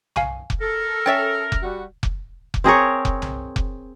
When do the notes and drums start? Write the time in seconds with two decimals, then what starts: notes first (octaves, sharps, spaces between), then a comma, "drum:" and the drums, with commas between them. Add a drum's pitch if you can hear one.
0.16 F5 G#5 C#6, drum: tom B1
0.50 drum: kick F1
0.61 A4 A#4
1.06 C#4 C#5 E5 G5 A6 B6
1.52 drum: kick F1
1.62 G3 F#4
2.03 drum: kick F1
2.54 drum: kick F1
2.64 C4 G#4 A#4 C#5
3.05 drum: kick F1
3.22 drum: tom B1
3.56 drum: kick F1